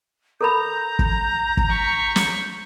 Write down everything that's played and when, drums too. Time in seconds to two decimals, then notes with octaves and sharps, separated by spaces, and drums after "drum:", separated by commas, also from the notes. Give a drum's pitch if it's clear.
0.41 A4 A#4 A#5 B5 G6
0.99 drum: kick
1.57 drum: kick
1.69 C#6 B6
2.16 drum: snare